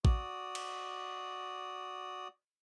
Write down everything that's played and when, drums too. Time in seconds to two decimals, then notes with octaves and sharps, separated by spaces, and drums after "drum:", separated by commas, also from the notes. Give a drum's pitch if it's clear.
0.05 F#4 D5 D#6, drum: kick A1
0.55 drum: cymbal